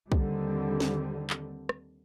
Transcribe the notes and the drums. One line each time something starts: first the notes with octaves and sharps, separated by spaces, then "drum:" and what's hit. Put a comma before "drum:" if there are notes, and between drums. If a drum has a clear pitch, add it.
D#2 D3 D#3 G3 C4, drum: kick
drum: snare
drum: clap
drum: rim click